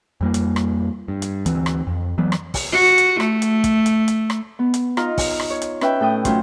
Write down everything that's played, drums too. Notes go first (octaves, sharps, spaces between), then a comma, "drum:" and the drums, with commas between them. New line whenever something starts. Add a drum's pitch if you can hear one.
F2 G3 A#3
drum: hi-hat
drum: rim click
G2
drum: hi-hat
D2 E3 C4, drum: hi-hat
drum: rim click
F2
E3 F#3 B3
drum: rim click
drum: kick, open hi-hat
F#4
drum: hi-hat
A3, drum: rim click
drum: hi-hat
drum: kick, hi-hat
drum: hi-hat
drum: hi-hat
drum: rim click
B3
drum: hi-hat
D#4 F4 A#5, drum: rim click
drum: kick, open hi-hat
drum: rim click
C#5
drum: hi-hat
C#4 B4 E5 G5, drum: rim click
A2 A4 G5 D#6
F#3 A3 C#4 F4 C5, drum: kick, hi-hat